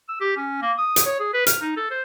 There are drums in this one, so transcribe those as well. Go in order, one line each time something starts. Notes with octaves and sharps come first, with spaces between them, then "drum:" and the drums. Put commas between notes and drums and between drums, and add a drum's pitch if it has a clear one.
E6
G4
C#4
A#3
D#6
drum: hi-hat
C#5
G#4
B4
F6, drum: hi-hat
D#4
A4
C5